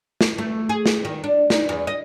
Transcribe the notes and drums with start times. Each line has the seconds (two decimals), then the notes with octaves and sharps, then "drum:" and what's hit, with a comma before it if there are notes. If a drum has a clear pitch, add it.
0.21 drum: snare
0.38 A3
0.69 G#4
0.86 drum: snare
1.05 D#3
1.24 D4
1.50 D#4, drum: snare
1.69 E2
1.87 D#5